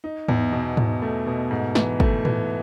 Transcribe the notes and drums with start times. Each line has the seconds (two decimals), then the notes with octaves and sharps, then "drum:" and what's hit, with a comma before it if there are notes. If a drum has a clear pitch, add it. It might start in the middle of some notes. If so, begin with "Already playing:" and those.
0.04 D#4
0.28 E2, drum: tom G#2
0.52 B2
0.77 E2, drum: tom G#2
1.02 A3
1.27 B2
1.51 G#2
1.75 E3, drum: snare
2.00 A3, drum: kick
2.25 E3, drum: tom A2